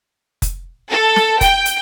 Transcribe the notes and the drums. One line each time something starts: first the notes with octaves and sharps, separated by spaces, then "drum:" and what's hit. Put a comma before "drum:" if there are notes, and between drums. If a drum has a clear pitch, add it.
drum: kick F1, hi-hat
A4
drum: snare
G5, drum: kick F1, hi-hat
drum: hi-hat